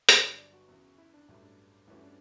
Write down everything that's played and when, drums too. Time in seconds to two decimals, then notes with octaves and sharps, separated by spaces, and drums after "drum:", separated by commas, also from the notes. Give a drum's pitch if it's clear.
0.09 G1 G2 D3 F#3 B3, drum: hi-hat
0.23 C#5
0.38 D5
0.53 F#4
0.68 E2 C#3 E3
0.98 E4
1.14 D4
1.29 A1 G2 F#3 A3 E4
1.43 D4
1.88 G2 E3 A3 C#4 E4 F#4
2.03 D4